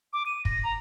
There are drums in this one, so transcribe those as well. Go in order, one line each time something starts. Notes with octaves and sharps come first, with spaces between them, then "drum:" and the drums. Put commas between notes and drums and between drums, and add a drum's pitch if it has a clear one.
D6
D#7
A#6, drum: kick
A#5